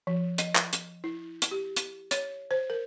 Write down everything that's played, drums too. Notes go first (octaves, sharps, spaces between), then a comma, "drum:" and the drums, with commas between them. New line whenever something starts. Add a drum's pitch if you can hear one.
F3
D#5, drum: hi-hat
drum: clap
drum: hi-hat
E4
drum: hi-hat
G4
drum: hi-hat
C#5, drum: hi-hat
C5
A#4